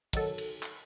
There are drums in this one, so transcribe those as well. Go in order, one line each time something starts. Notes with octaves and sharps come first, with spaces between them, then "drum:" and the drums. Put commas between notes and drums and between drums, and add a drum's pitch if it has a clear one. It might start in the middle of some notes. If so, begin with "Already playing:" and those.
D#3 F#3 A4, drum: kick, cymbal
drum: cymbal
drum: clap